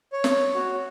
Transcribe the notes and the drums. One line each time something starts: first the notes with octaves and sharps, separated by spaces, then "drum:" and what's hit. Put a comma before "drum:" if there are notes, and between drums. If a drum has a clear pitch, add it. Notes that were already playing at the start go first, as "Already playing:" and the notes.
C#5
drum: snare
F#4